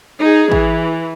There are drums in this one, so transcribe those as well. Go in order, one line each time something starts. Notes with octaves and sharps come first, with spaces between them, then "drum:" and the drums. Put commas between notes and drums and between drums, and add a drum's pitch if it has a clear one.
D#4 G#4
E3, drum: kick